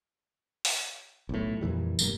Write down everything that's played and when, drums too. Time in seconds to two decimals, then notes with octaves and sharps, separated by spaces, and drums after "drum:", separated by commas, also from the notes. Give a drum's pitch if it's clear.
0.65 drum: open hi-hat
1.29 B1 A2
1.61 F2 A#2 E3 G3
1.99 F1 G2 G3 A#3, drum: tambourine